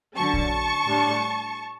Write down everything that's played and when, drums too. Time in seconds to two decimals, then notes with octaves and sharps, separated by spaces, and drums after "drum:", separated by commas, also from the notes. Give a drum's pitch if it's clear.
0.16 D3 F#3 C#4 A5 C#6
0.33 drum: kick A#1
0.86 A2 G3 D4